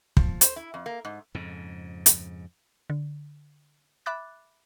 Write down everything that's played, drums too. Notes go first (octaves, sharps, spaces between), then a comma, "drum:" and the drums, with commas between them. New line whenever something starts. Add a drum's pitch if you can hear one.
F3, drum: kick
C5, drum: hi-hat
E4
F2
A#3
G#2
F2 G#2 C#3
drum: hi-hat
D3
E5 B5 D6 F#6 A6